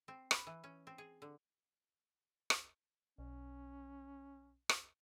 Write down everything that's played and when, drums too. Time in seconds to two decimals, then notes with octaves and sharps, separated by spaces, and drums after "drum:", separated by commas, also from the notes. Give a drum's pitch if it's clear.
0.08 C4
0.31 B4, drum: rim click
0.47 E3
0.64 C#4
0.87 C4
0.98 G#4
1.22 D3
2.50 drum: rim click
3.18 B1 C#4
4.69 drum: rim click